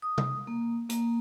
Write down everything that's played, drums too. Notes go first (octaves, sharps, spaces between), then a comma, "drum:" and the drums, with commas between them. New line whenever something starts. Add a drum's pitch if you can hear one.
D#6
drum: tom C3
A#3
A#3, drum: hi-hat